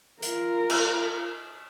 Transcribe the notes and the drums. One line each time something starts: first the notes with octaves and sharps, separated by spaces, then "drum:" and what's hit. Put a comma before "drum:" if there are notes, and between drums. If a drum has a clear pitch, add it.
F4 A#4, drum: hi-hat
drum: cymbal